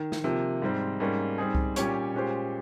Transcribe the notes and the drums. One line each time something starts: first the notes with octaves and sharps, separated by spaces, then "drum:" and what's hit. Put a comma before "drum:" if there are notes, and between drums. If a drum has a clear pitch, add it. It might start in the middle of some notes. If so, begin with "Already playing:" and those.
Already playing: D#3
drum: snare
C3 F3 A#3
G#2 G3 C4
G#2 G3 A#3 C#4
G3 C4 D#4 G#4
drum: kick C2
A#2 G3 C#4 G4 C#5, drum: hi-hat
A#2 G#3 C#4 G4 C5